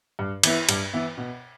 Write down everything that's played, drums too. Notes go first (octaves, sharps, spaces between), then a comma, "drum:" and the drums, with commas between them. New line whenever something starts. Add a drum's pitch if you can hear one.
G2
E3 B3 E4, drum: cymbal
G2, drum: cymbal
E3 B3 E4
B2